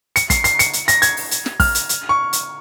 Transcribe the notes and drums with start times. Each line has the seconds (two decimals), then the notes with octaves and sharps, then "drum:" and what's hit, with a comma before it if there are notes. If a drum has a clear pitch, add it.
0.16 C#7, drum: hi-hat
0.30 C7, drum: kick, hi-hat
0.44 C7, drum: hi-hat
0.59 C#7, drum: hi-hat
0.73 drum: hi-hat
0.88 A#6, drum: hi-hat
1.02 G#6, drum: hi-hat
1.17 drum: open hi-hat
1.31 drum: hi-hat
1.46 drum: snare
1.60 F6, drum: kick, open hi-hat
1.75 drum: hi-hat
1.89 drum: hi-hat
2.09 C#6
2.33 drum: hi-hat